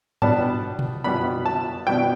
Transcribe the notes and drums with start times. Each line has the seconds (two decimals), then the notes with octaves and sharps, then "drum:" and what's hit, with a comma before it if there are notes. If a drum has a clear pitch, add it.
0.22 B2 G3 B3 D4 A5, drum: tom G2
0.79 drum: tom B2
1.04 B2 G3 B3 D4 B5
1.46 A5
1.87 B2 G3 B3 D4 G5